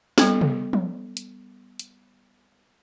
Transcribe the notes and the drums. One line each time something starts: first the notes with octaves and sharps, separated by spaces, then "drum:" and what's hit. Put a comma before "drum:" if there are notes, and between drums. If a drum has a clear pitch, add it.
G3 B3 A4, drum: snare
drum: tom C3
drum: tom F3
drum: hi-hat
drum: hi-hat